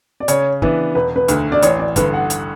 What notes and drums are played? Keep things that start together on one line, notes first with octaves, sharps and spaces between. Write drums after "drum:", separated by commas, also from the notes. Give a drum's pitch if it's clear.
D5
C#3 C#5, drum: hi-hat
E3 B3 D4, drum: kick
E1 B4
B4
D2 D3, drum: hi-hat
D5
A1 C#5, drum: hi-hat
D5
G2 D3 B4, drum: kick, hi-hat
F#5
drum: hi-hat